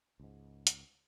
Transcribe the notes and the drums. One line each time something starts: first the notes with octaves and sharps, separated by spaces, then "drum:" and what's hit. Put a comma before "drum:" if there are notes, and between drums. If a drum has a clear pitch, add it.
C#2 G#2
drum: hi-hat